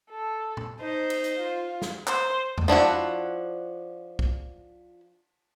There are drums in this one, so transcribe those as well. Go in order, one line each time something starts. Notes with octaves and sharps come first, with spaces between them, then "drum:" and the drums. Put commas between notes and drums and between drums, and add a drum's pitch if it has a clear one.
A4
drum: tom A#2
D#4 C5
drum: cymbal
drum: hi-hat
F4
drum: snare
C5, drum: clap
drum: tom E2
F3 D4 E4 F#4
drum: kick